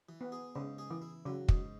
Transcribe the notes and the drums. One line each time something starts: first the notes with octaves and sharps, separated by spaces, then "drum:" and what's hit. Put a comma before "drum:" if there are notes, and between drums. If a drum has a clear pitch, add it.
E3
B3
G#4
G#2 C#3
G#4
E3
E4
C#3 F#3
G#2, drum: kick